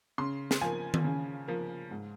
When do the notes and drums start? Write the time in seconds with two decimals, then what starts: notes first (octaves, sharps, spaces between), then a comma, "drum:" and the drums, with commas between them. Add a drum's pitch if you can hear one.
0.18 C#3 C6
0.51 drum: snare
0.61 F3 A#3 G#5
0.94 drum: tom D#3
1.04 C#3
1.48 F3 A#3
1.91 G#2